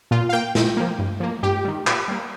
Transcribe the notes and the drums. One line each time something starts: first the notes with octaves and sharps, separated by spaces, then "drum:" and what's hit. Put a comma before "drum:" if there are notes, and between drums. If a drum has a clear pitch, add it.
A#2 F4
F5
A#3 G5
A#2, drum: snare
F3 A#3
G2
F3 A#3
G2 G4
D#3 G3
A#2, drum: clap
G3 A#3